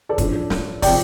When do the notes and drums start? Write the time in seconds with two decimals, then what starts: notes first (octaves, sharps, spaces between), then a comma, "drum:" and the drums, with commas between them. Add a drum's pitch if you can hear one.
0.09 A4 D5
0.18 A1 G2 D3 F3, drum: kick, hi-hat
0.50 drum: snare
0.82 C3 F3 D5 G5, drum: kick, open hi-hat